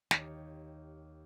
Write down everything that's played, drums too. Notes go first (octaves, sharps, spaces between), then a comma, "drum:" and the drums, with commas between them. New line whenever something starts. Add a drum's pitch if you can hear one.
D#2 D#4 G4 C#5, drum: snare